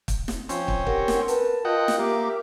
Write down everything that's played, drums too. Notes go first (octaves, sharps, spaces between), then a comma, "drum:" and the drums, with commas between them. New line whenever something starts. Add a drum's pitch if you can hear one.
drum: kick, hi-hat
drum: snare
F3 C4 C#4, drum: hi-hat
drum: kick
G4 A#4 F#5 G5, drum: kick
drum: snare
B4 A5, drum: hi-hat
F4 D#5 F#5 G5
drum: snare
A#3 G4 E5 D6